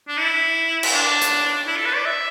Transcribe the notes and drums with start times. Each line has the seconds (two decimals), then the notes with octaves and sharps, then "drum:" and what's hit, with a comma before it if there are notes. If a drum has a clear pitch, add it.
0.08 D4
0.17 E4
0.83 drum: cymbal
0.93 D4
1.21 drum: hi-hat
1.67 E4
1.77 A4
1.86 B4
1.96 D5
2.05 E5